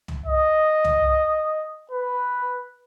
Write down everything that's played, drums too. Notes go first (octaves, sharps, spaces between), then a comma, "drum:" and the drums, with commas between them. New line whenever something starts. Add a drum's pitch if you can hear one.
drum: tom
D#5
drum: tom
B4